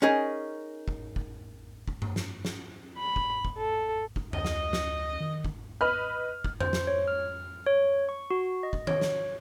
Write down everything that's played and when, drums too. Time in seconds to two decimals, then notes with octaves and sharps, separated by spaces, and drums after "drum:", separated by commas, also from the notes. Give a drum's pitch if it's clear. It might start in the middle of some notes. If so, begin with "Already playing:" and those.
0.02 C#4 D#4 G#4 A#4
0.88 drum: kick
1.16 drum: kick
1.88 drum: kick
2.02 drum: tom G2
2.16 drum: snare
2.45 drum: snare
2.99 B5
3.16 drum: kick
3.45 drum: kick
3.58 A4
4.16 drum: kick
4.33 D2 D#5, drum: tom F2
4.45 drum: snare
4.73 drum: snare
5.20 D#3
5.45 drum: kick
5.81 B4 D#5 B5 F6
6.44 drum: kick
6.60 C5, drum: tom F2
6.73 drum: snare
6.87 C#5
7.08 F6
7.66 C#5
8.09 C#6
8.31 F#4
8.63 D#5
8.73 drum: kick
8.87 C#5, drum: tom D#3
9.01 drum: snare